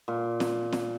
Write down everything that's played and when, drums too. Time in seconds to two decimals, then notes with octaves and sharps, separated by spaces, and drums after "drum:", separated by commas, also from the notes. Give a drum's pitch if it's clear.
0.08 A#2
0.40 drum: snare
0.72 drum: snare